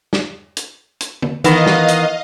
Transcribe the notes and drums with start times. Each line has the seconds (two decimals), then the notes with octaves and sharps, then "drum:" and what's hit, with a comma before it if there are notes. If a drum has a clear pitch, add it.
0.13 drum: snare
0.57 drum: hi-hat
1.00 drum: hi-hat
1.22 drum: tom D3
1.44 D#3 E3 B3 D#5 F5, drum: hi-hat
1.66 drum: snare
1.88 drum: hi-hat